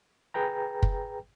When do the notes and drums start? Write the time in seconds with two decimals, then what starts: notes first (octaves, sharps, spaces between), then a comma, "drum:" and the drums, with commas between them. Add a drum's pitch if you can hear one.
0.34 G#4 B4 G5 A#5
0.83 drum: kick